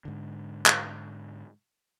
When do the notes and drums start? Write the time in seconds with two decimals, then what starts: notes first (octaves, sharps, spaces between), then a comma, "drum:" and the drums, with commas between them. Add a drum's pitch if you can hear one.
0.05 G#2 D3
0.66 drum: clap